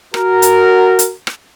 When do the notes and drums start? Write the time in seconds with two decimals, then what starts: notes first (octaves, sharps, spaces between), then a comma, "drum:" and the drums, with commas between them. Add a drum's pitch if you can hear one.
0.14 F#4 A#4, drum: rim click
0.42 drum: hi-hat
0.99 drum: hi-hat
1.27 drum: rim click